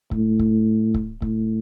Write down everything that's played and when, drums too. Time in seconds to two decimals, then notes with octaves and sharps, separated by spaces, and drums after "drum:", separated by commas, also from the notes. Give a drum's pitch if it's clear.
0.11 A2, drum: kick C#1
0.39 drum: kick C#1
0.94 drum: kick C#1
1.22 A2, drum: kick C#1